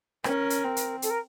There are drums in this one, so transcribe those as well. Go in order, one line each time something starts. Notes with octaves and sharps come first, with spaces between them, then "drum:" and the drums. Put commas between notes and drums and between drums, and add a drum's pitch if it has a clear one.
C#4 A#4, drum: rim click
drum: hi-hat
C4
drum: hi-hat
A4, drum: hi-hat
A#4